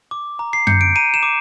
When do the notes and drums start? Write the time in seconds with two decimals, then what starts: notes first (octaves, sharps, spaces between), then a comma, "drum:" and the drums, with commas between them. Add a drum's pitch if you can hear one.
0.11 D6
0.39 A#5
0.53 C7
0.67 G6 C#7, drum: tom F#2
0.81 D7
0.96 A#5 D#7
1.14 E7
1.23 D6